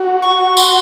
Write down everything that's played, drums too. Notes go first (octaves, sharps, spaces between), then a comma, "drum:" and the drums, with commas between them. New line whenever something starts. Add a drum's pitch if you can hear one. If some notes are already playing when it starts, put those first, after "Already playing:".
Already playing: F#4
C#6
C6, drum: tambourine